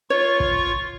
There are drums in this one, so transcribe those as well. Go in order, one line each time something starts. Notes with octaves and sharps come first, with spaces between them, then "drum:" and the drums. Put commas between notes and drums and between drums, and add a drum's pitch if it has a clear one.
F4 C#5 C#6
drum: kick